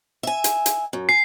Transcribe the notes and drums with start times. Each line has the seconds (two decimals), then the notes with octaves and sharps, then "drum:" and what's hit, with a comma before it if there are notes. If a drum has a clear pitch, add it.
0.23 E5 G#5
0.44 drum: hi-hat
0.66 drum: hi-hat
0.93 F#2
1.09 G#5 C7